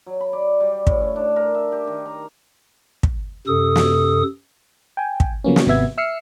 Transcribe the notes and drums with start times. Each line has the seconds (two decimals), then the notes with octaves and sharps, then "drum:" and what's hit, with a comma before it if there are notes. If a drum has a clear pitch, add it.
0.06 F#3
0.21 B5
0.33 D5
0.60 G3
0.87 A2, drum: kick
1.00 C#4
1.16 D4
1.36 A#4
1.54 E5
1.72 G4
1.87 D#3
2.06 A#5
3.03 drum: kick
3.47 F#2 C3 A4 D#6
3.76 drum: snare
4.97 G5 G#5
5.20 drum: kick
5.44 C#3 F3 F#3 A#3 B3 C#4
5.56 drum: snare
5.66 G#1 C3 B3 E5 G#6
5.98 E5 E6 F6 C7 C#7